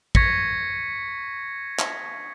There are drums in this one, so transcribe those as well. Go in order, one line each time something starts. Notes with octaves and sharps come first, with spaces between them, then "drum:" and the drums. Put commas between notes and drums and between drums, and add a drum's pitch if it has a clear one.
C#6 G#6 A#6 B6 C#7, drum: kick
drum: clap